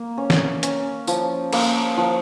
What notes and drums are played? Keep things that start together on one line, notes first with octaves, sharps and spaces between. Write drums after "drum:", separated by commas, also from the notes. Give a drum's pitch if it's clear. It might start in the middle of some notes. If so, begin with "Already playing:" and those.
Already playing: A#3
C#4
drum: snare
C#4, drum: hi-hat
F3, drum: tambourine
A#3, drum: cymbal
F3